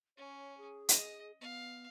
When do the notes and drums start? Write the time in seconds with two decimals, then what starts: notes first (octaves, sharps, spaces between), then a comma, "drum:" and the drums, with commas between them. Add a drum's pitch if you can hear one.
0.17 C#4 C#5
0.58 G#4
0.89 D#5, drum: hi-hat
1.41 B3 F5